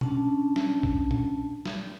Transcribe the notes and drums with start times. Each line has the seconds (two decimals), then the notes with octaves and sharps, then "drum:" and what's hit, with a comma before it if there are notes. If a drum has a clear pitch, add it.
0.01 C#4 D4 A5, drum: tom B2
0.56 drum: snare
0.83 drum: kick A#1
1.11 drum: tom A#2
1.66 drum: snare